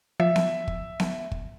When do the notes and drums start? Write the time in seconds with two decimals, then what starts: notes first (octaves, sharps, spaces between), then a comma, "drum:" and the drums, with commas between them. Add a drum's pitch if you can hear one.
0.20 F3 E5
0.36 drum: snare B3
0.68 drum: kick
1.00 drum: snare B3
1.32 drum: kick